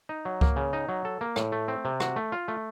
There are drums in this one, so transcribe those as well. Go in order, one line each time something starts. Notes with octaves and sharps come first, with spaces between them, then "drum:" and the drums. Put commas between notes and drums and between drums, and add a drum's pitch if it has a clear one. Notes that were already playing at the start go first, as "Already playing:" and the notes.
D#4
F#3
A#3, drum: kick C#2
C#3
D#4
F#3
A4
A#3
A2, drum: rim click
A3
C4
C3
F#4, drum: rim click
A3
F4
A3